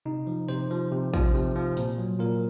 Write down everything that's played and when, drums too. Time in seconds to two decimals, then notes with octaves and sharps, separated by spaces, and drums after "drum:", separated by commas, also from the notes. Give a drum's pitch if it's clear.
0.06 C3 D#4
0.27 F3
0.49 C3 C5
0.71 F3
0.92 C3
1.14 F3, drum: kick A1
1.35 C3, drum: tambourine
1.56 F3
1.77 A#2, drum: hi-hat
1.98 F#3
2.19 A#2 A#4